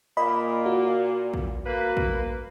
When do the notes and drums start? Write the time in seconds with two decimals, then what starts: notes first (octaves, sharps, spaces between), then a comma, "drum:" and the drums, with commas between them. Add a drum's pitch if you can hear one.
0.17 A#2 A#3 D#5 B5
0.66 F#4
1.34 drum: kick
1.65 A#3 B4
1.97 drum: kick